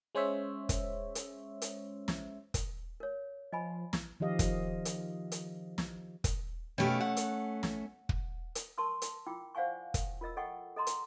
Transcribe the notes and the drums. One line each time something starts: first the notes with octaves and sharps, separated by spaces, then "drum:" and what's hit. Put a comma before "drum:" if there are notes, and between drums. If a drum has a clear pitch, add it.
G#3 C#4 C5 C#5 E5
drum: kick, hi-hat
drum: hi-hat
drum: hi-hat
drum: snare
drum: kick, hi-hat
A#4 C#5
F3 D#5 G#5 B5
drum: snare
D#3 F3 G4 D#5 F5
drum: kick, hi-hat
drum: hi-hat
drum: hi-hat
drum: snare
drum: kick, hi-hat
B2 A3 C#4 G4 F5
F#5
drum: hi-hat
drum: snare
drum: kick
drum: hi-hat
A#4 A5 C6 C#6 E6
drum: hi-hat
E4 F4 G5 D6 E6
C5 D5 F5 F#5 G#5 C#6
drum: kick, hi-hat
F4 A#4 D#5 E6
A4 D#5 F#5 G5 C#6
A4 D#5 A#5 C6
drum: hi-hat